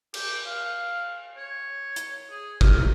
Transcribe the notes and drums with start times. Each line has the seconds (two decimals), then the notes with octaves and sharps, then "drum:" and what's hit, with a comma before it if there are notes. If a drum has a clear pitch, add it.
0.14 G4, drum: cymbal
0.46 F5
1.37 C#5
1.96 drum: hi-hat
2.30 G#4
2.61 A#4, drum: kick